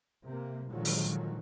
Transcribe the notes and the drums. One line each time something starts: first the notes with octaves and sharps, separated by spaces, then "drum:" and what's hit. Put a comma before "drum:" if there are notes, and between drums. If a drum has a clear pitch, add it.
C3 A#3
A#2 D3 D#3 F3 F#3 G#3
drum: open hi-hat